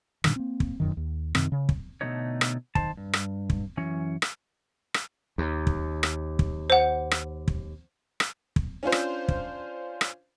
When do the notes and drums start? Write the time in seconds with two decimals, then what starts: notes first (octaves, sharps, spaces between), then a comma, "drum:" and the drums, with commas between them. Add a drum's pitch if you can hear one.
0.24 G2 A#2 D3 D#3, drum: rim click
0.36 A#3 C4
0.60 drum: kick
0.80 E1 F#2 D#3
0.97 D#2
1.35 F#2 C3 D#3 C4, drum: rim click
1.52 C#3
1.69 drum: kick
2.01 B2 D3 E3 A3 D#4 C#5
2.41 drum: rim click
2.75 D#3 C5 A5, drum: kick
2.97 G2
3.13 drum: rim click
3.50 drum: kick
3.77 F#2 E3 C#4 C#5
4.22 drum: rim click
4.94 drum: rim click
5.38 D#2
5.67 drum: kick
6.03 drum: rim click
6.39 drum: kick
6.70 C5 F#5
7.11 drum: rim click
7.48 drum: kick
8.20 drum: rim click
8.56 drum: kick
8.83 C#4 D4 F4 C5
8.92 drum: rim click
9.28 drum: kick
10.01 drum: rim click